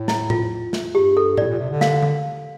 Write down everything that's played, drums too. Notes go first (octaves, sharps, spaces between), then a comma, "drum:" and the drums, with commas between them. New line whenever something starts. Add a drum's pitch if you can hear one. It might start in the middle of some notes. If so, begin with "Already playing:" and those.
Already playing: A2
E4, drum: snare
F4, drum: tom A2
drum: snare
G2 G4
A4
A2 D5, drum: tom A2
A#2
C3
D3
F5, drum: snare
drum: tom D3